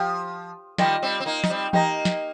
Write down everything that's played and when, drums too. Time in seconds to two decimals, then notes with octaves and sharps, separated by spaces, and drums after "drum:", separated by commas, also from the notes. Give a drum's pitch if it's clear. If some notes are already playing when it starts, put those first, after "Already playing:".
Already playing: F3 G4 F5
0.78 D#3 G3 F4 D#5 G5, drum: snare
1.02 G3 C4
1.20 C4
1.26 A#3 D#4
1.44 D#4, drum: snare
1.50 G3 C4
1.73 A#3 D#4 G4 D#5 A#5, drum: tom E3
2.05 drum: snare